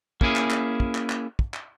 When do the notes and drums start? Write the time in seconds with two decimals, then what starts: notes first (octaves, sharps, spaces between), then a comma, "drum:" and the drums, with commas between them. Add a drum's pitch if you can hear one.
0.21 A#3 C#4 E4 G#4, drum: kick
0.36 drum: clap
0.50 drum: clap
0.80 drum: kick
0.95 drum: clap
1.09 drum: clap
1.39 drum: kick
1.54 drum: clap